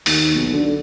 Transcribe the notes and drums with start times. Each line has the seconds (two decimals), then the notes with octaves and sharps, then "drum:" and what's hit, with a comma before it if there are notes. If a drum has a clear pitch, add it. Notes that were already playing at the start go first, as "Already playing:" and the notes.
0.06 D#2, drum: open hi-hat
0.35 B1
0.53 D3